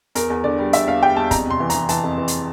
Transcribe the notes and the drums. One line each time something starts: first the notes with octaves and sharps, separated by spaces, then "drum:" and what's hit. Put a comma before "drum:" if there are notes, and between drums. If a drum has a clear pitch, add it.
E2 A#4, drum: hi-hat
E2
D3 D5
G3
E2 E5, drum: hi-hat
E2 F5
G3 G5
E2 A5
F2 A#5, drum: kick, hi-hat
C3 C6
E3
A#5, drum: hi-hat
E3
E3 A5, drum: hi-hat
F2
E3
drum: hi-hat